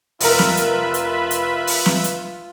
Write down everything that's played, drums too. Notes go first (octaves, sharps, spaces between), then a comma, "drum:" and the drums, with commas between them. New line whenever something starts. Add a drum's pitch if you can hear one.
F1 F4 A#4 B4 E5 B5, drum: open hi-hat
drum: snare
drum: hi-hat
drum: hi-hat
drum: hi-hat
drum: open hi-hat
drum: snare
drum: hi-hat